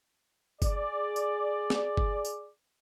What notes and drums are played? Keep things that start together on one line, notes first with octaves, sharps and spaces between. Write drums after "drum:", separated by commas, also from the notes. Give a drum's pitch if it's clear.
G#4 D5, drum: kick G1, tambourine
drum: tambourine
drum: snare
drum: kick G1
drum: tambourine